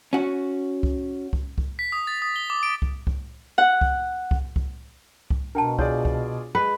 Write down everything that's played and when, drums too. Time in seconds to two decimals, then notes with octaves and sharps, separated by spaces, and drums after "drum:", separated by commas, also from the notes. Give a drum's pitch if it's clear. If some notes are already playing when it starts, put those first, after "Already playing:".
0.13 C#4 F#4
0.83 drum: kick
1.33 drum: kick
1.58 drum: kick
1.79 B6
1.92 D#6
2.07 A6
2.22 D#6
2.36 G7
2.50 D6
2.63 D7
2.82 drum: kick
3.07 drum: kick
3.58 F#5
3.81 drum: kick
4.31 drum: kick
4.56 drum: kick
5.30 drum: kick
5.55 B2 D4 A#4 G5 A5
5.79 F4 G#4 C#5 D5, drum: kick
6.05 drum: kick
6.55 G#3 B4